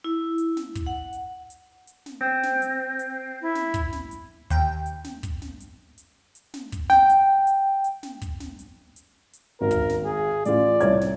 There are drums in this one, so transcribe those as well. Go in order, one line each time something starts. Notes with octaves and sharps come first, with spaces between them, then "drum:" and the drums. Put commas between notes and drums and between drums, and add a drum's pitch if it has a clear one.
E4
drum: hi-hat
drum: snare
drum: kick, hi-hat
F#5
drum: hi-hat
drum: hi-hat
drum: hi-hat
drum: snare
C4
drum: snare
drum: hi-hat
drum: hi-hat
E4
drum: snare
drum: kick, hi-hat
drum: snare
drum: hi-hat
D#2 G5, drum: hi-hat
drum: hi-hat
drum: snare
drum: kick, hi-hat
drum: snare
drum: hi-hat
drum: hi-hat
drum: hi-hat
drum: snare
drum: kick, hi-hat
G5, drum: snare
drum: hi-hat
drum: hi-hat
drum: hi-hat
drum: snare
drum: kick, hi-hat
drum: snare
drum: hi-hat
drum: hi-hat
drum: hi-hat
G#1 A#4
drum: kick, hi-hat
drum: snare
G#4
A1 F4 D5, drum: hi-hat
C2 C#5 G#6, drum: hi-hat
drum: snare